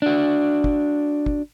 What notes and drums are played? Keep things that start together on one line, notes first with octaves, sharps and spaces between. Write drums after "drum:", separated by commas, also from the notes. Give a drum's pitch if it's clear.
D4 F#4
drum: kick
drum: kick